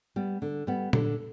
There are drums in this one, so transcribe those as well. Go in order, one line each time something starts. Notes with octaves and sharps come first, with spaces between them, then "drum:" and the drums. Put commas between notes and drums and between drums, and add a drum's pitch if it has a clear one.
G3 B3
D3
G3 B3
D3, drum: tom A#2